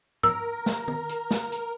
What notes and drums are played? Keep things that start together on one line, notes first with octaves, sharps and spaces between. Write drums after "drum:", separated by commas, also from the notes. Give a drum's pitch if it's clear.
A#4 E6, drum: tom G#2
drum: snare
drum: tom
drum: hi-hat
drum: snare
drum: hi-hat